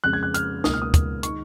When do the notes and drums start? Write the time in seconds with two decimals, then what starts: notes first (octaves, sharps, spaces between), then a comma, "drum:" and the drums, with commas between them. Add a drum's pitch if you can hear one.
0.04 F2 C#3 G#3 F#6
0.13 G#6
0.23 F#6
0.34 F6, drum: hi-hat
0.64 C#2 B2 A#3 D#4 D#6, drum: snare
0.74 F6
0.82 D#6
0.94 drum: kick, hi-hat
1.23 D#3 G#3 D#4 C#6, drum: hi-hat